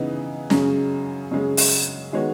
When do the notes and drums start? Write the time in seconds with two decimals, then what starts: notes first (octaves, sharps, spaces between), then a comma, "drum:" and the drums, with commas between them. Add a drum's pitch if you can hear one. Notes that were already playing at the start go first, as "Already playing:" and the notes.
Already playing: C#3 E3 B3 D#4
0.50 F#2 C#3 G#3 C#4, drum: snare
1.31 F#2 C#3 G#3 C#4
1.57 drum: open hi-hat
2.12 D#3 G#3 B3 F#4 C#5